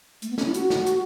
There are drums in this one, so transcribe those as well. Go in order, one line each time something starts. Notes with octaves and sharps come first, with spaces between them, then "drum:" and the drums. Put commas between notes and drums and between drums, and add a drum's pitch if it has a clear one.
A3, drum: hi-hat
B3
C#4, drum: snare
E4
F#4, drum: hi-hat
drum: snare
drum: hi-hat